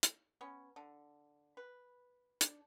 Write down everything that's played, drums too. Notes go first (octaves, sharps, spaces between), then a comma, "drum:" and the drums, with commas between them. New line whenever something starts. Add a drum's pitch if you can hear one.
drum: hi-hat
B3 C#4
D3
B4
D4, drum: hi-hat